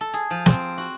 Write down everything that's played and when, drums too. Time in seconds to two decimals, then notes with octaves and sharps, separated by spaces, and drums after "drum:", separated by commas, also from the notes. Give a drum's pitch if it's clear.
0.01 A4
0.14 G#4
0.30 F3
0.46 C4, drum: snare
0.78 F#4